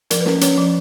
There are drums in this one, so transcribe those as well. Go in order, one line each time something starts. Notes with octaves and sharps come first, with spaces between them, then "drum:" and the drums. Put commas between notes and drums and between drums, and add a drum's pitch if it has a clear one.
F3 A#4, drum: hi-hat
B4
C#4, drum: snare
C#4 C#5, drum: hi-hat
F3